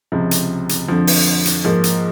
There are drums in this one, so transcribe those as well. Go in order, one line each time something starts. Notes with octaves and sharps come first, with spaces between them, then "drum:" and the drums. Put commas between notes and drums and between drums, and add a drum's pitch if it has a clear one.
C#2 C3 F3
drum: hi-hat
drum: hi-hat
F2 D3 F3
drum: open hi-hat
drum: hi-hat
G#2 F3 A#3
drum: hi-hat